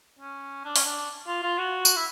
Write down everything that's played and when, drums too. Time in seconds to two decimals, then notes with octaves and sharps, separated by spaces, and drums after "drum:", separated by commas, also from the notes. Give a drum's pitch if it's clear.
0.19 C#4
0.65 D4
0.76 C#4, drum: open hi-hat
0.85 D4
1.27 F4
1.43 F4
1.58 F#4
1.85 drum: tambourine
1.96 E4